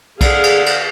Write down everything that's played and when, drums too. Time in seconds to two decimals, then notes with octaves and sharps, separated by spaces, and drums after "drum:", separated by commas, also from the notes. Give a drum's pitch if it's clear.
0.21 D3 G#4 F5, drum: kick B1, cymbal
0.44 drum: cymbal
0.66 drum: cymbal